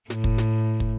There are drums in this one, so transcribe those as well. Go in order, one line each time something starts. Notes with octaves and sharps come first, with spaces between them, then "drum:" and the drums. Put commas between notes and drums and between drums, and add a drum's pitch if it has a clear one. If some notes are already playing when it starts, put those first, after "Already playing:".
A2, drum: snare
drum: kick
drum: snare
drum: kick